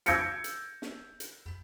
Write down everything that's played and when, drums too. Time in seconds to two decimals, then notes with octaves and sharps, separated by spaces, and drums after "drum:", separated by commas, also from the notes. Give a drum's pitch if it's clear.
0.06 E6 G6 G#6 A#6 C#7 D7, drum: hi-hat
0.44 drum: hi-hat
0.82 drum: snare
1.20 drum: hi-hat